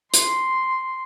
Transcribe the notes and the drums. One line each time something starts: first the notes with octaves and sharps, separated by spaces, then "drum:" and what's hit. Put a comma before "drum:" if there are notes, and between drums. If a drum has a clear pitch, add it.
C6, drum: hi-hat